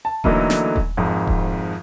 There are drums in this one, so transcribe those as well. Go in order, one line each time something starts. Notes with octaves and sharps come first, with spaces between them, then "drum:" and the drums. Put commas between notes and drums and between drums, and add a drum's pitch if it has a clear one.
A5
D3 E3 F#3 A3 A#3 D#4, drum: kick D#1
drum: snare
drum: kick D#1
G#1 F2 G#2
drum: kick D#1